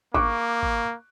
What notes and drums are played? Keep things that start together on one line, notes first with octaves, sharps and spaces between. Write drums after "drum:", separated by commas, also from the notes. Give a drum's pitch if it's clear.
A#3 C#6 D6 F#6, drum: kick
drum: kick